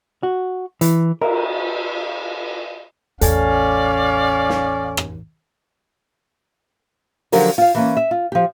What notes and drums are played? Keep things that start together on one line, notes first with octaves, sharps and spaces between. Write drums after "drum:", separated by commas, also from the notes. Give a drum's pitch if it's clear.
F#4
E3, drum: hi-hat
A#4, drum: cymbal
A1 E2 C#4 A4 D5 F5 G#5, drum: hi-hat
drum: snare
drum: rim click
D3 F3 F#3 G4 A#4 D5, drum: open hi-hat
F4 F5
E3 A#3 C#4
E5
F4
F3 G4